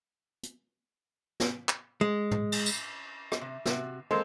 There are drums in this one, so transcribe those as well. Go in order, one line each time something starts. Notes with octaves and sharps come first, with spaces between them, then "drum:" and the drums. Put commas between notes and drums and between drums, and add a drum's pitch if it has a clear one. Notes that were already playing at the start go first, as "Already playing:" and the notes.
drum: hi-hat
drum: snare
drum: clap
G#3
drum: tom
drum: cymbal
drum: tambourine
drum: rim click
C3
C3 F#4, drum: snare
G#3 A#3 C4 A4 C5